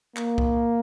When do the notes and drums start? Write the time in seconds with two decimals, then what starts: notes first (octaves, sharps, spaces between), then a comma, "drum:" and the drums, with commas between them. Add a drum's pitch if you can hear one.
0.16 A#3, drum: clap
0.38 drum: kick